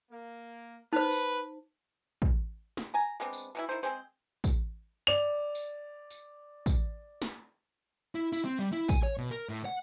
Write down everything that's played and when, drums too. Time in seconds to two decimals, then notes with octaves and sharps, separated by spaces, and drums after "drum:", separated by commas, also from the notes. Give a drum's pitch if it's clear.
0.10 A#3
0.93 D#4 B4 C5
1.11 drum: tambourine
2.22 drum: kick
2.77 drum: snare
2.94 G#5 A#5
3.20 G#3 B3 C4 D4
3.33 drum: tambourine
3.55 B2 E3 E4
3.69 D#3 E4 C5
3.83 G#3 C4 G#4 C5
4.44 drum: kick, tambourine
5.07 D5 F7
5.55 drum: tambourine
6.11 drum: tambourine
6.66 drum: kick, tambourine
7.22 drum: snare
8.15 E4
8.33 E4, drum: tambourine
8.45 C4
8.59 G3
8.72 E4
8.89 G#5, drum: kick, tambourine
9.03 C#5
9.18 B2
9.31 A#4
9.49 A2
9.65 F#5